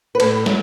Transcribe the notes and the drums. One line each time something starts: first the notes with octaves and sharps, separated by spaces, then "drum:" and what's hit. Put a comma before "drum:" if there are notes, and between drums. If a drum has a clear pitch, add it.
B4
A2 A4, drum: cymbal
F#3, drum: snare